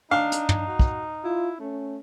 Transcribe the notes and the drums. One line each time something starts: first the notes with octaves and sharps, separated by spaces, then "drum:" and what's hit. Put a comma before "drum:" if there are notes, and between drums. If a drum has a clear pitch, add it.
D4 D#4 F5
drum: hi-hat
drum: tom
F#4
drum: kick
E4 F4
A3 C#4